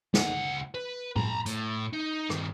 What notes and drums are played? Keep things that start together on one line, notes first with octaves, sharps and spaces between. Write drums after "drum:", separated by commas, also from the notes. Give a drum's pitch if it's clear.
C#2 F#5, drum: snare
B4
A#5 B5, drum: tom A2
A2, drum: hi-hat
D#4
G2 D#3, drum: rim click